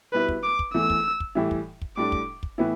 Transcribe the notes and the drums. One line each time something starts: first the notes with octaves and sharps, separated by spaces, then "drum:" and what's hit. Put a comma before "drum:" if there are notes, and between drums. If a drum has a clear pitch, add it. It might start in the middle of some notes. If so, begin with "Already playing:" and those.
B2 G3 E4 B4
drum: kick
D6
drum: kick
E2 E3 A3 E6
drum: kick
drum: kick
A2 E3 G3 E4
drum: kick
drum: kick
A2 G3 D4 D6
drum: kick
drum: kick
A2 E3 B3 E4